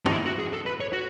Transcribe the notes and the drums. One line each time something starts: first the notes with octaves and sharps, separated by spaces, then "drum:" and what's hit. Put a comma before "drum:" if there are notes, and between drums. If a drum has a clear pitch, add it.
D#4, drum: tom
E4
F#4
G#4
A4
B4
C#5
F#4